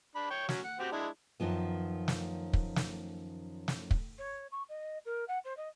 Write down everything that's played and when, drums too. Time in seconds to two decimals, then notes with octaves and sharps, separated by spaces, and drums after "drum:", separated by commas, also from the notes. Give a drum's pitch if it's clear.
0.16 D4 B5
0.31 C#5 G5
0.49 F#3 C#4, drum: snare
0.65 F#5
0.80 C4 F#4 G4
0.92 G#3 D4 E4
1.40 F#2 D#3 F3 B3
2.08 drum: snare
2.53 drum: kick
2.76 drum: snare
3.68 drum: snare
3.91 drum: kick
4.18 C#5
4.51 C#6
4.68 D#5
5.05 A#4
5.28 F#5
5.44 C5
5.56 D#5